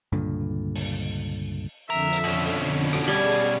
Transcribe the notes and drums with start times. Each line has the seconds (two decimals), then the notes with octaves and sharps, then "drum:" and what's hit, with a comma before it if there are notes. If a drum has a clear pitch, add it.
0.12 C#2 G2 A#2 D3
0.76 drum: open hi-hat
1.90 F2 D3 A#4 E5
2.12 drum: tambourine
2.24 B2 C#4
2.93 drum: rim click
3.08 G3 G#4 A5 G#6